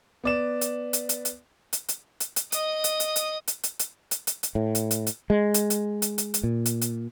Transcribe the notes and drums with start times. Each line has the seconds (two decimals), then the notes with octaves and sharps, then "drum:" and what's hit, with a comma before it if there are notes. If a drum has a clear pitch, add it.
0.24 B3 D5 E7
0.61 drum: hi-hat
0.93 drum: hi-hat
1.09 drum: hi-hat
1.25 drum: hi-hat
1.73 drum: hi-hat
1.89 drum: hi-hat
2.20 drum: hi-hat
2.36 drum: hi-hat
2.52 D#5 D#6, drum: hi-hat
2.84 drum: hi-hat
3.00 drum: hi-hat
3.16 drum: hi-hat
3.48 drum: hi-hat
3.64 drum: hi-hat
3.79 drum: hi-hat
4.11 drum: hi-hat
4.27 drum: hi-hat
4.43 drum: hi-hat
4.55 A2
4.75 drum: hi-hat
4.91 drum: hi-hat
5.07 drum: hi-hat
5.30 G#3
5.54 drum: hi-hat
5.70 drum: hi-hat
6.02 drum: hi-hat
6.18 drum: hi-hat
6.34 drum: hi-hat
6.43 A#2
6.66 drum: hi-hat
6.82 drum: hi-hat